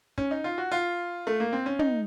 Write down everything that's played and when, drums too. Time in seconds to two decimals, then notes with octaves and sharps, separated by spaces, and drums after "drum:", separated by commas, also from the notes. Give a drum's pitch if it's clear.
0.18 C#4, drum: kick
0.31 D#4
0.44 F4
0.58 F#4
0.72 F4
1.27 A3
1.40 A#3
1.53 C4
1.66 C#4
1.79 D#4, drum: tom